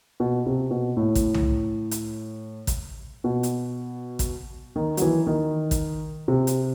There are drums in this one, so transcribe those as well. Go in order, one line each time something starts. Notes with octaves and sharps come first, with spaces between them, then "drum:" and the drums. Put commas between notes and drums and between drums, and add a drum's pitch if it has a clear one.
B2
C3
B2
A2
drum: kick, hi-hat
drum: tom C2
drum: hi-hat
drum: kick, hi-hat
B2
drum: hi-hat
drum: kick, hi-hat
D#3
F#3, drum: hi-hat
E3
D#3
drum: kick, hi-hat
C3
drum: hi-hat